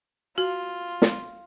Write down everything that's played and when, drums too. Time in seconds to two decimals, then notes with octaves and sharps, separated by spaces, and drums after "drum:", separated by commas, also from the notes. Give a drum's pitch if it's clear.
0.38 F4 F#4
1.02 drum: snare